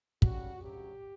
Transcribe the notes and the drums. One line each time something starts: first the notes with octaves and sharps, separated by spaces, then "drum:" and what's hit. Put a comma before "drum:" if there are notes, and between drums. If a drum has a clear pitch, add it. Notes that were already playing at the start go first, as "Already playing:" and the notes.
C#3 G3 C#4 F#4, drum: kick
D2 C#3 F#3 G4